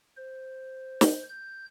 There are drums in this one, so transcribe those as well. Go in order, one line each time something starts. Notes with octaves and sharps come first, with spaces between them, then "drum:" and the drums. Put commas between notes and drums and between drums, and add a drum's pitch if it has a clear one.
C5
drum: snare
G6